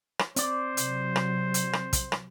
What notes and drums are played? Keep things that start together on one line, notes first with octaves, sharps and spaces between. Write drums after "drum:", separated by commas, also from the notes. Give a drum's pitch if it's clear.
drum: rim click
C4 C5 D5, drum: hi-hat
C3 F#3, drum: hi-hat
drum: rim click
drum: hi-hat
drum: rim click
drum: kick, hi-hat
drum: rim click